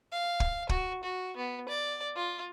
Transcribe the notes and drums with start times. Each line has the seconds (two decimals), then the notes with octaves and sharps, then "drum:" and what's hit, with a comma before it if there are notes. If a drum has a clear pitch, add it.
0.12 F5
0.40 drum: kick
0.69 F#4, drum: kick
1.03 F#4
1.36 B3
1.69 D5
2.16 F4